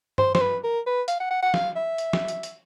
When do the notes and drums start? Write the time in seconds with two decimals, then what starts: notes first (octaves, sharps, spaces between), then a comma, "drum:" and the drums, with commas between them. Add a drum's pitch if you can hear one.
0.18 C5, drum: tom G2
0.35 C5, drum: snare
0.41 B4
0.64 A#4
0.86 B4
1.08 F5, drum: hi-hat
1.20 F#5
1.31 F#5
1.43 F#5
1.54 F5, drum: snare
1.76 E5
1.98 drum: hi-hat
2.13 drum: snare
2.28 drum: hi-hat
2.43 drum: hi-hat